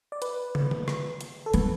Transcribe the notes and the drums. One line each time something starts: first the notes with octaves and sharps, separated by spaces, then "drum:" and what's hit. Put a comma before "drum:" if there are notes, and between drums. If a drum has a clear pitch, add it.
D5
B4, drum: hi-hat
drum: tom
drum: tom D3
drum: rim click
drum: hi-hat
A4
B3 B4, drum: hi-hat